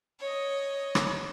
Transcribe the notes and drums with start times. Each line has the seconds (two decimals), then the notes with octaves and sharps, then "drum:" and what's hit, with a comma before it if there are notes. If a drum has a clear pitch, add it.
0.20 C#5 D#5
0.95 drum: rim click